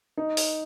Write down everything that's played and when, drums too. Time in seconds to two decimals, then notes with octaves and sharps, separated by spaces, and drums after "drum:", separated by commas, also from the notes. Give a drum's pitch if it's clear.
0.17 D#4
0.37 drum: open hi-hat